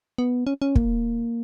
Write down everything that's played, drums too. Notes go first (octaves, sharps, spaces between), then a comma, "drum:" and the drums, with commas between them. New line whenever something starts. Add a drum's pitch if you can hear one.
B3
C#4
C#4
A#3, drum: kick